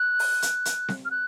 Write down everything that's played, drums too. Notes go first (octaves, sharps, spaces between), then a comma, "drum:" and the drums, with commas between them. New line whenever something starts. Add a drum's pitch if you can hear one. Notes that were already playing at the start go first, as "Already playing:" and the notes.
Already playing: F#6
drum: open hi-hat
drum: hi-hat
drum: hi-hat
drum: snare C4
F6
F#6